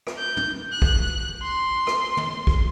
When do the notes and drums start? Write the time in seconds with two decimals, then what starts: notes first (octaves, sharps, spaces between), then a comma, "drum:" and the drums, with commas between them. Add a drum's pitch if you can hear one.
0.07 drum: rim click
0.18 G6
0.37 drum: tom
0.72 F#6
0.82 drum: kick
1.42 C6
1.87 drum: rim click
2.17 drum: tom
2.47 drum: kick